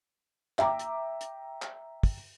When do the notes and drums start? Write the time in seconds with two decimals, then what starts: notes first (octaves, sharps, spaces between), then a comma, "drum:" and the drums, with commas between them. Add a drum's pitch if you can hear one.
0.59 E5 G5 A#5 D6, drum: clap
0.79 drum: hi-hat
1.21 drum: hi-hat
1.62 drum: clap
2.03 drum: kick, open hi-hat